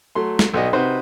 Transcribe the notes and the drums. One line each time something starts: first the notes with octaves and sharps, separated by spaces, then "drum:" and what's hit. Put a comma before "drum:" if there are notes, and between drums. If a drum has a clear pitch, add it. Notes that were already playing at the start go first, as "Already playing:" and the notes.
F#3 A3 C6
drum: snare
B1 F#4 D5 D#5
C3 D#4 F#4 B4 C5